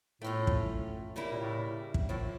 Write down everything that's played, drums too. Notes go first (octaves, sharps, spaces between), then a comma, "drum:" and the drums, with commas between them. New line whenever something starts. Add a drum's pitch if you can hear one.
A2 A3 C#4 F4
drum: kick
C#3 G3 A#3 E4
A#2
A2
drum: kick
A2 F3 A#3 E4